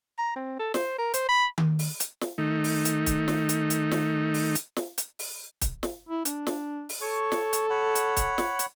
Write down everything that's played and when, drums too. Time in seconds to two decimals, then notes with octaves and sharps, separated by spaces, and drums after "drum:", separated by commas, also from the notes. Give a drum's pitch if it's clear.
0.19 A#5
0.36 C4
0.59 A4
0.74 C5, drum: snare
0.98 A#4
1.14 C5, drum: hi-hat
1.29 B5
1.58 drum: tom D#3
1.79 drum: open hi-hat
2.00 drum: hi-hat
2.21 drum: snare
2.38 D#3 A3 D#4
2.64 drum: open hi-hat
2.85 drum: hi-hat
3.06 drum: kick C#1, hi-hat
3.28 drum: snare
3.49 drum: hi-hat
3.70 drum: hi-hat
3.91 drum: snare
4.34 drum: open hi-hat
4.55 drum: hi-hat
4.76 drum: snare
4.98 drum: hi-hat
5.19 drum: open hi-hat
5.62 drum: kick C#1, hi-hat
5.83 drum: snare
6.09 E4
6.25 D4, drum: hi-hat
6.47 drum: snare
6.89 drum: open hi-hat
7.01 A4 C#5 C#6
7.32 drum: snare
7.53 drum: hi-hat
7.70 C#5 F#5 B5
7.95 drum: hi-hat
8.17 drum: kick C#1, hi-hat
8.38 drum: snare
8.59 drum: hi-hat